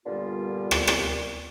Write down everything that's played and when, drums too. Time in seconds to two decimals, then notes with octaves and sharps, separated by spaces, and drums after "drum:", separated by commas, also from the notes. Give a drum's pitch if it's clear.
0.06 G2 A#2 D3 G3 B3 F4
0.71 drum: rim click
0.87 drum: rim click